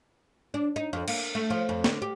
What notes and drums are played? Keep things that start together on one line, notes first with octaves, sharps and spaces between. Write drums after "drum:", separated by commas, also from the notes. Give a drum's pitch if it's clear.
D4
D#4
F2
A#3, drum: cymbal
A3
F3
F2
D3, drum: snare
G4